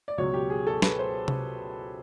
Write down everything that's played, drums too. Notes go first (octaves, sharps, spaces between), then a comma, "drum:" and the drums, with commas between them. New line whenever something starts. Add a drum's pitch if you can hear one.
D5
C#2 B2 F#3 C#5
G4
G#4
A4
B4, drum: snare
C5
drum: tom C3